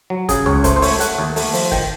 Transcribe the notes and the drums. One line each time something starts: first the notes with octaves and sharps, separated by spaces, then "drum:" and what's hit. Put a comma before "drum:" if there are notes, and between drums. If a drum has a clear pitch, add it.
F#3
C#3 G#4, drum: kick, hi-hat
C#2 C#5, drum: tom C#2
A3 C5, drum: kick, hi-hat
C5
A3 C#5, drum: open hi-hat
A3 F#5, drum: hi-hat
D#2
A3, drum: open hi-hat
F3, drum: open hi-hat
D#3 G5, drum: kick